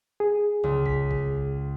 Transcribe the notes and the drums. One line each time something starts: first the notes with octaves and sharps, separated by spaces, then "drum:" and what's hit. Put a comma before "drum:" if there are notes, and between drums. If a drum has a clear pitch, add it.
G#4
C#2
B6, drum: kick
drum: kick